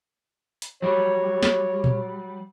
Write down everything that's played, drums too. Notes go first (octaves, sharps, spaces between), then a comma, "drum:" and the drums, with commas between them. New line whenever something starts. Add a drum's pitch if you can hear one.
drum: hi-hat
F#3 G3 C#5
drum: snare
drum: tom A#2